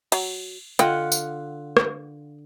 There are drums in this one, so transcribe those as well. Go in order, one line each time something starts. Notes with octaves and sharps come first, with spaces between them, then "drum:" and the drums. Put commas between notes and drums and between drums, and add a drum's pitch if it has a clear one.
F#3, drum: cymbal
D3 F4 D#5 F#5 G5, drum: hi-hat
drum: tambourine
drum: rim click